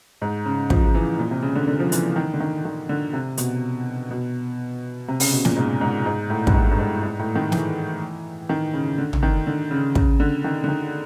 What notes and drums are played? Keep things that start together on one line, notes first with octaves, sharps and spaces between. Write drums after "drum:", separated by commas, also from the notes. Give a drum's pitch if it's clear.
G#2
C#3
F3, drum: kick
F3
E3
A#2
C3
C#3
D3
D3
F3
E3, drum: hi-hat
D#3
D3
D#3
D#3
D3
C3
B2, drum: hi-hat
B2
C3
C#3, drum: open hi-hat
B2
A#2, drum: snare
G#2
G#2
G#2
A2
G2, drum: kick
G#2
G2
G#2
G#2
A2
D#3
E3, drum: snare
D#3
C#3
D3
drum: tom
D#3
D3
C#3
C#3, drum: kick
D3
D#3
D3
D#3